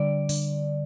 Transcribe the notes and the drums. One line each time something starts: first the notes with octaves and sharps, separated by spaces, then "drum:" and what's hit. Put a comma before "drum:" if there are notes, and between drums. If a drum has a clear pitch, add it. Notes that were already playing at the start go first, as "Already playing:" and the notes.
Already playing: D3 G3 D5
D3, drum: open hi-hat